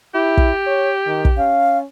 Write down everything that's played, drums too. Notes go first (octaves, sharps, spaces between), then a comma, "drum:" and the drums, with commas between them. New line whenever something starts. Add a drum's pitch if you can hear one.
E4 G4
drum: kick
C#5
D#3
drum: kick
C#4 F5